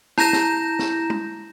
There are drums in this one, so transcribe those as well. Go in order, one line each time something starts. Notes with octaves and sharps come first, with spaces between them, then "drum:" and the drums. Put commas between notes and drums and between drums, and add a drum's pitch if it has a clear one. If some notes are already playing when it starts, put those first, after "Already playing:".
E4 A#5 G6 A#6 E7, drum: snare
drum: snare
drum: snare
drum: tom